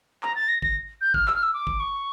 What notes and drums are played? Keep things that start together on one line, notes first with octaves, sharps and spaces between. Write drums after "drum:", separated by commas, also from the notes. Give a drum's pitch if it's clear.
A#5, drum: clap
A6
A#6
A#6, drum: kick G1
G6
F6, drum: kick G1
E6, drum: clap
F6
E6
D6
drum: kick G1
C#6